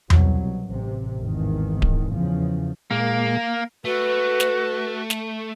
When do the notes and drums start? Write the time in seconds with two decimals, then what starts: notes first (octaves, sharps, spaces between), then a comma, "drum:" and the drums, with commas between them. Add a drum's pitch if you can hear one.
0.10 C2 B2 F#3, drum: tom E2
0.66 A1 C3
1.17 G#1 E2 D#3
1.82 drum: kick D1
2.11 E2 C#3 F3
2.91 A#2 G#3 A#3
3.85 A3 F#4 B4
4.40 drum: snare
5.10 drum: snare